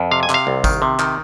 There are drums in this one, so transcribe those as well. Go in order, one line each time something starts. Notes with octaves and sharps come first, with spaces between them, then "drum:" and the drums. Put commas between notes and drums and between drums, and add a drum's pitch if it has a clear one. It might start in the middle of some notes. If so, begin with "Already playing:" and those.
Already playing: F2
C3 F5
G#5
C3 F5, drum: clap
C2
D#3, drum: kick, tambourine
C3
D#3, drum: clap